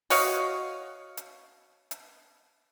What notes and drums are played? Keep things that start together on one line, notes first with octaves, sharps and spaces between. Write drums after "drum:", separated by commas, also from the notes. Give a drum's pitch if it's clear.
F#4 C#5 D#5 F5, drum: open hi-hat
drum: hi-hat
drum: hi-hat